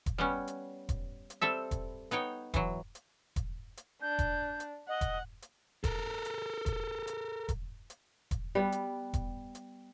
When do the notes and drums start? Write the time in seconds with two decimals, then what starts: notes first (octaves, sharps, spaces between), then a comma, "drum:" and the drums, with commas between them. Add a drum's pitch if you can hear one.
0.06 drum: kick E1, hi-hat
0.18 G3 B3 C#4
0.47 drum: hi-hat
0.89 drum: kick E1, hi-hat
1.30 drum: hi-hat
1.41 G3 C4 A4 E5
1.71 drum: kick E1, hi-hat
2.11 B3 D#4 C#5 G5, drum: hi-hat
2.54 E3 F#3, drum: kick E1, hi-hat
2.95 drum: hi-hat
3.36 drum: kick E1, hi-hat
3.77 drum: hi-hat
4.02 D4 G6
4.19 drum: kick E1, hi-hat
4.60 drum: hi-hat
4.88 D#5 F#5
5.01 drum: kick E1, hi-hat
5.42 drum: hi-hat
5.84 A4 A#4, drum: kick E1, hi-hat
6.25 drum: hi-hat
6.66 drum: kick E1, hi-hat
7.07 drum: hi-hat
7.49 drum: kick E1, hi-hat
7.90 drum: hi-hat
8.31 drum: kick E1, hi-hat
8.55 G3 B3
8.72 drum: hi-hat
9.13 drum: kick E1, hi-hat
9.55 drum: hi-hat